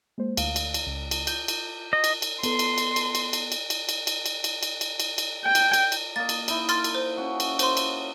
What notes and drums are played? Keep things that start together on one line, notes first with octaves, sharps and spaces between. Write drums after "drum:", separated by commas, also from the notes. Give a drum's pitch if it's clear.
G#3 A#3 C5
D2 F5 D7, drum: cymbal
drum: cymbal
drum: cymbal
C#2
drum: cymbal
G6, drum: cymbal
drum: cymbal
D#5
drum: cymbal
drum: cymbal
B3 A4 C6, drum: cymbal
drum: cymbal
drum: cymbal
drum: cymbal
drum: cymbal
drum: cymbal
drum: cymbal
drum: cymbal
drum: cymbal
drum: cymbal
drum: cymbal
drum: cymbal
drum: cymbal
drum: cymbal
drum: cymbal
drum: cymbal
G5
drum: cymbal
drum: cymbal
drum: cymbal
A#3 D#5 A6
drum: cymbal
D#4 E4, drum: cymbal
C6 F6 A6, drum: cymbal
drum: cymbal
C5
C#4 F#4
drum: cymbal
C5 C6, drum: cymbal
drum: cymbal